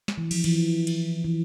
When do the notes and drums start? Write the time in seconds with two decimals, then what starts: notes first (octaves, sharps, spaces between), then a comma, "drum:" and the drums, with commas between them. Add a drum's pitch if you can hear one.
0.08 drum: snare
0.18 E3
0.31 F3, drum: cymbal
0.44 E3, drum: cymbal
0.87 drum: cymbal
1.24 E3